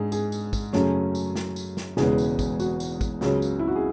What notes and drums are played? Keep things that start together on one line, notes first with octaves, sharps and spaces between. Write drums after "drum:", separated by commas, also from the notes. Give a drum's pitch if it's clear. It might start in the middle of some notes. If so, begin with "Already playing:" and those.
Already playing: G#2 G#3 D4 G#4
G#4, drum: tambourine
drum: tambourine
drum: kick, tambourine
F#2 C#3 F#3 A3 C#4, drum: snare
drum: tambourine
drum: snare
drum: tambourine
drum: snare
E1 E2 C#3 G#3 B3 G#4, drum: snare
drum: tambourine
drum: kick, tambourine
F#4, drum: tambourine
drum: tambourine
drum: kick, tambourine
C#2 C#3 F#3 C#4, drum: snare
drum: tambourine
E4
F#4
G#4